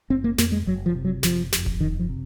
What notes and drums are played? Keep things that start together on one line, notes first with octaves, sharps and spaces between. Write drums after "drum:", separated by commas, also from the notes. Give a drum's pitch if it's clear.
F#1 C4
A#3
F2 A#3, drum: snare
G#3
F#1 F#3
F3
C3
F#3
F#1 F3, drum: snare
F2, drum: snare
drum: kick E1
F#1 D#3
F3
C3